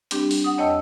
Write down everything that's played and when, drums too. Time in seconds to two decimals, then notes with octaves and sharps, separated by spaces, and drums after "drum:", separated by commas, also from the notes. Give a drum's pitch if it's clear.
0.11 G3 C4 D4 G4, drum: hi-hat
0.31 drum: open hi-hat
0.44 F#5 D#6
0.58 E2 C#5 D#5 G5 A5 E6